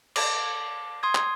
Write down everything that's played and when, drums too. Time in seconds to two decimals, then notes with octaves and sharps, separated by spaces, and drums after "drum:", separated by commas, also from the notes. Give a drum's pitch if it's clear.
0.16 A5 D6, drum: cymbal
1.03 C6 D#6 G#6
1.15 drum: clap